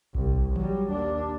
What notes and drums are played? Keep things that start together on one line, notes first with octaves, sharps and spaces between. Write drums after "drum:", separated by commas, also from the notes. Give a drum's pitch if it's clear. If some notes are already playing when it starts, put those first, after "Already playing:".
C2, drum: kick A#1
F#3 G3, drum: tom D#3
D#2 D4